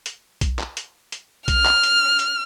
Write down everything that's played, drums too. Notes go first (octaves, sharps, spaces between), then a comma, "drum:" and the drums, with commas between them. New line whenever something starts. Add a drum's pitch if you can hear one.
drum: hi-hat
drum: kick, hi-hat
drum: clap
drum: hi-hat
drum: hi-hat
F6, drum: kick, hi-hat
drum: clap
drum: hi-hat
drum: hi-hat